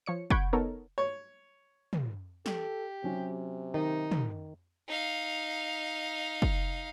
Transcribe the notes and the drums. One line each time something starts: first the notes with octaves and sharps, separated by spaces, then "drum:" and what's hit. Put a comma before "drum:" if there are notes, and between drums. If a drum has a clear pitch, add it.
F3 C#5 C#7
F#5 B5 C#6 G6 G#6 D7, drum: kick
B3 D#4 A4 A#4 C#5
C#5
drum: tom
G4 A4, drum: snare
C3 F#3 C#4
D#3 D#4
drum: tom
D#4 F5
drum: kick